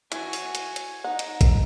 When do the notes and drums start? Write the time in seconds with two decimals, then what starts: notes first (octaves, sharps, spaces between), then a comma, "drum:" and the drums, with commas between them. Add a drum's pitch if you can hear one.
0.12 E3 F#4 G#5, drum: hi-hat
0.33 drum: open hi-hat
0.55 drum: hi-hat
0.76 drum: hi-hat
1.04 D#4 F#5
1.19 drum: hi-hat
1.41 drum: kick, hi-hat